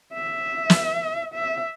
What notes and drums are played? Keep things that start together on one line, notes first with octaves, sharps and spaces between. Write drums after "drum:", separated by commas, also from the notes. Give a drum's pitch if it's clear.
E5
drum: snare
E5